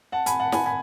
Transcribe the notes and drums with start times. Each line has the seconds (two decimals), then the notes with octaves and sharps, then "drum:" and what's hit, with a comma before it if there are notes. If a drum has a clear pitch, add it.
0.12 F#5 A5
0.26 G#5 B5, drum: hi-hat
0.40 F#5 A5
0.52 G#5 B5, drum: snare
0.66 G#5 B5